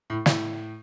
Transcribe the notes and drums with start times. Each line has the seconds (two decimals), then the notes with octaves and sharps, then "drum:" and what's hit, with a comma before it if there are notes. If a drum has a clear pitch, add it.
0.10 A2
0.26 A2, drum: snare